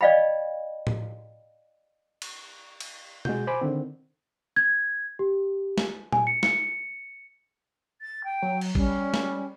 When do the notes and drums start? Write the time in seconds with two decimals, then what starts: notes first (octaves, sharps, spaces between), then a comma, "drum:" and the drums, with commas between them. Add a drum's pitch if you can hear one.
0.01 D5 D#5 F5 G5 B5
0.87 drum: tom A2
2.22 drum: cymbal
2.80 drum: cymbal
3.25 G#3 F#4 G6, drum: tom B2
3.47 C5 G#5 B5 D6
3.61 D3 D#3 C4
4.56 G#6
5.19 G4
5.78 drum: snare
6.12 G#5, drum: tom A#2
6.27 C#7
6.43 C#7, drum: snare
8.01 A6
8.24 G5
8.42 F#3
8.61 drum: cymbal
8.75 G3 C#4, drum: kick A1
9.14 drum: snare